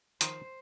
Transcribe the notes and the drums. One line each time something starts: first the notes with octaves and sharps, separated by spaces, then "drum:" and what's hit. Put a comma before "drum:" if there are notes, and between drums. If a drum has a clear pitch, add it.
D#3 F3 C5, drum: hi-hat